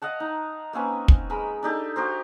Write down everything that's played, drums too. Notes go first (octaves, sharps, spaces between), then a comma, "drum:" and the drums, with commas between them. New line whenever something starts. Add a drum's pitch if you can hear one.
D#5 F5 F#5 A5
D#4
A#3 C4 C#4 B4
drum: kick
G#3 A#4 B5
D4 D#4 G4 A4
F#4 G4 A#4 C5